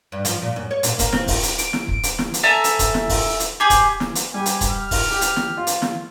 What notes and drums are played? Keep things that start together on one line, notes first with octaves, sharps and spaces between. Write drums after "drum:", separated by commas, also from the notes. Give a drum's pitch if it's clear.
G2
F3, drum: hi-hat
A#2
F#2
C#5
A#2, drum: hi-hat
A#3, drum: kick, hi-hat
C4, drum: snare
drum: kick, open hi-hat
drum: hi-hat
D7, drum: hi-hat
drum: snare
drum: kick
drum: hi-hat
drum: snare
drum: hi-hat
A4 E5 G#5 A#5
drum: hi-hat
drum: kick, hi-hat
drum: snare
drum: kick, open hi-hat
drum: hi-hat
G4 G#4
drum: kick, hi-hat
drum: snare
drum: hi-hat
G3 G4 G#5
drum: hi-hat
drum: kick, hi-hat
F6
drum: kick, open hi-hat
G4
drum: hi-hat
drum: snare
F4
drum: hi-hat
drum: snare